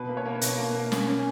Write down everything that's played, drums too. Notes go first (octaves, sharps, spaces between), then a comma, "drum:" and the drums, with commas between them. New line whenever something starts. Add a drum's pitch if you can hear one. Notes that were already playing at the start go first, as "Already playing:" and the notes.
Already playing: B2 B4
A#3
C#5
A#3
B2, drum: hi-hat
A#3
A#3
C#4, drum: snare
C#4